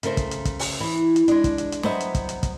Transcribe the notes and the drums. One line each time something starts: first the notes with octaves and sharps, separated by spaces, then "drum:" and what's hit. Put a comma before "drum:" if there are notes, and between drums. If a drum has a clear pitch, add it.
C#3 A3 A#4 C5, drum: hi-hat
drum: kick, hi-hat
drum: hi-hat
drum: kick, hi-hat
drum: open hi-hat
E3
drum: hi-hat
G#3 D4, drum: hi-hat
drum: kick, hi-hat
drum: hi-hat
drum: hi-hat
F#3 G3 B3 C5 D#5 E5, drum: snare
drum: hi-hat
drum: kick, hi-hat
drum: hi-hat
drum: kick, hi-hat